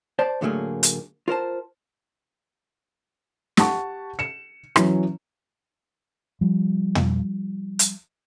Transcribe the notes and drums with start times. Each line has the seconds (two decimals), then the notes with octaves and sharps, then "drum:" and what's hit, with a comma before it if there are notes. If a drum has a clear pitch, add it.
0.19 C5 D5 A5
0.41 A2 D3 F#3 A3 A#3 G#4
0.83 drum: hi-hat
1.28 F4 A#4 C5 A5
3.57 G4 F#5 A5 C#6, drum: snare
4.19 C#7 E7
4.76 E3 F#3 C#4, drum: rim click
6.41 F3 G3
6.95 drum: tom
7.79 drum: hi-hat